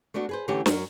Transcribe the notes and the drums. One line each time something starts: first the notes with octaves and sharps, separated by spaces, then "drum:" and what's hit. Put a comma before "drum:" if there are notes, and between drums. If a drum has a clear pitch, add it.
A3 B3 D4 F#4
G#4 B4 C5
D3 E3 A3 C#4 G4
F#2 F#3 A#4, drum: snare